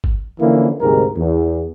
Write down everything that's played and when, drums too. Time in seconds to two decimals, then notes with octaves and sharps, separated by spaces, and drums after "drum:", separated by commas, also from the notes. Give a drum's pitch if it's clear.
0.04 drum: kick G1
0.40 D3 E3 F3 A#3 C#4 E4
0.80 D2 G#2 C3 G3 G#3 A#4
1.17 E2